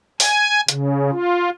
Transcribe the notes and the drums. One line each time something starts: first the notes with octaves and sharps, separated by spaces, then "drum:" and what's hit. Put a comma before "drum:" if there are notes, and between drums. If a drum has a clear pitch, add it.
G#5, drum: open hi-hat
C#3, drum: hi-hat
F4